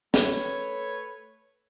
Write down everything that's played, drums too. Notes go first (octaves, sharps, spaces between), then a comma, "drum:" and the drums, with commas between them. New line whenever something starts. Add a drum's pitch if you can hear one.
A3 A4 B4 C#5, drum: snare